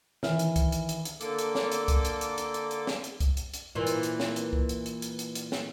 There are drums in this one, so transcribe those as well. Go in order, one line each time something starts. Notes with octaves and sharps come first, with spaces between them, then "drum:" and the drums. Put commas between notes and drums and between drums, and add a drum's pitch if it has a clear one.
D#3 E3 F6, drum: snare
drum: hi-hat
drum: kick C#2, hi-hat
drum: hi-hat
drum: hi-hat
drum: hi-hat
D3 A#3 A4 D6, drum: hi-hat
drum: hi-hat
drum: snare
drum: hi-hat
drum: kick C#2, hi-hat
drum: hi-hat
drum: hi-hat
drum: hi-hat
drum: hi-hat
drum: hi-hat
drum: snare
drum: hi-hat
drum: kick C#2, hi-hat
drum: hi-hat
drum: hi-hat
A#2 E3
drum: hi-hat
drum: hi-hat
drum: snare
drum: hi-hat
drum: kick C#2
drum: hi-hat
drum: hi-hat
drum: hi-hat
drum: hi-hat
drum: hi-hat
drum: snare